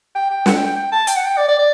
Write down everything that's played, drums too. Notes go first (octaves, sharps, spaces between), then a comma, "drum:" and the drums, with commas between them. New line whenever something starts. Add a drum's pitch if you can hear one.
G5
G5
F#5, drum: snare
G5
G5
G5
A5
G5, drum: hi-hat
F#5
G5
D5
D5
D5